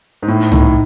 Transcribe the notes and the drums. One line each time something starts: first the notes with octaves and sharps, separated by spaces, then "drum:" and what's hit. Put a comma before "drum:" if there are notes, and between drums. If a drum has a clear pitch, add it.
G#2
A2 D#4
A2 D#4, drum: tom C2